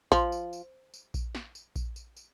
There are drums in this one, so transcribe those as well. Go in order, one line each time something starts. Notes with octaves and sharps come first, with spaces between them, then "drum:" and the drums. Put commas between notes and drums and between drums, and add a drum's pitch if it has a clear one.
F3, drum: kick A#1, tambourine
drum: tambourine
drum: tambourine
drum: tambourine
drum: kick A#1, tambourine
drum: snare
drum: tambourine
drum: kick A#1, tambourine
drum: tambourine
drum: tambourine